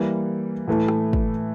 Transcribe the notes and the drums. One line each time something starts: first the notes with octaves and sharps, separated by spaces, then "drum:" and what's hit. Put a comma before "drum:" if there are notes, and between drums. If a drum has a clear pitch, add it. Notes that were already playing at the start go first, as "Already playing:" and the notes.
Already playing: E3 G3 A#3
A2 E3 A3
drum: rim click
drum: kick